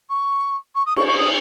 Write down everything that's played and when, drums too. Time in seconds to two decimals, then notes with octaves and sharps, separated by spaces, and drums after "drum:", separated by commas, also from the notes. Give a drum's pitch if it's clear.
0.09 C#6
0.75 C#6
0.86 D#6
0.96 C#6, drum: cymbal
1.07 C#6
1.17 D#6